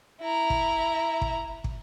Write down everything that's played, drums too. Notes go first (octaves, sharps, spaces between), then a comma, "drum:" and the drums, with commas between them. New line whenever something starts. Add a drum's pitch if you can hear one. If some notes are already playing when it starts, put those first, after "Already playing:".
E4 A#5
drum: kick
drum: kick
drum: kick